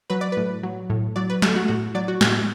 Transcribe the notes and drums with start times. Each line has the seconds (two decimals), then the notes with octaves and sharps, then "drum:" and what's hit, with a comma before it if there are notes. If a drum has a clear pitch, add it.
0.10 F#3 B4
0.21 D5
0.32 A2 B4
0.63 F#3
0.90 A2
1.16 F#3 D5
1.30 B4
1.42 A3 A4, drum: snare
1.56 F#4
1.68 A2 F#4
1.95 F#3 D5
2.08 F#4
2.21 A2, drum: snare